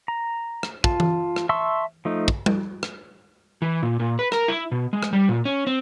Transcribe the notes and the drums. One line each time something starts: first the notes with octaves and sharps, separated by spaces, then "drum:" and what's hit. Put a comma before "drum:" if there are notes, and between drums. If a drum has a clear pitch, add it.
A#5
drum: rim click
F4 A5, drum: kick
drum: tom E3
drum: rim click
E5 A5 C6 C#6 E6
F3 A3 D#4
drum: kick
drum: tom G3
drum: rim click
E3
A#2
A#2
B4
A#4, drum: rim click
E4
B2
G#3
drum: rim click
G3
A#2
C#4
C4